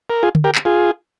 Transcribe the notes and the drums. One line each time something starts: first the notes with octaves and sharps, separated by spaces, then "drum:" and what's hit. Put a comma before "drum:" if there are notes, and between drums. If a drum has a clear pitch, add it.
A#4
F4 G#4
drum: tom D3
G4 A#4
drum: clap
F4 G#4